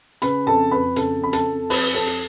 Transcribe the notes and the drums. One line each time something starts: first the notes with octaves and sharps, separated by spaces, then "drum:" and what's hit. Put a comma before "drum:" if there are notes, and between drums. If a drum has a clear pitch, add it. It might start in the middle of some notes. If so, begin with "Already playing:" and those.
C#3 B4 B5, drum: hi-hat
F2 A4 A5
F2 B4 B5
C#3 A4 A5, drum: hi-hat
F2 B5
A4 A5, drum: hi-hat
F2
F2 B4 B5, drum: open hi-hat
F2 A4 A5
drum: hi-hat